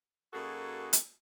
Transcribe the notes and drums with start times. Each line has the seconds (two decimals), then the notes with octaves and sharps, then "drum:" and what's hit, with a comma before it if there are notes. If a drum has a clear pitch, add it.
0.33 F#2 A#3 D#4 F#4 G#4 A4
0.93 drum: hi-hat